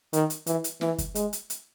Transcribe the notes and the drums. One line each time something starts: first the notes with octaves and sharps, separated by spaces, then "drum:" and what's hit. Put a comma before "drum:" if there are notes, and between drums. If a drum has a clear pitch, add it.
D#3, drum: hi-hat
drum: hi-hat
E3, drum: hi-hat
drum: hi-hat
E3, drum: snare
drum: kick, hi-hat
G#3, drum: hi-hat
drum: hi-hat
drum: hi-hat